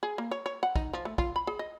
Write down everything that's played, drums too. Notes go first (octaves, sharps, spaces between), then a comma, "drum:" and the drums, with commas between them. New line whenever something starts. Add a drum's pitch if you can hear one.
G#4
A#3
C#5
C#5
F#5
D#4, drum: kick
F3
A3
F4, drum: kick
B5
G#4
D#5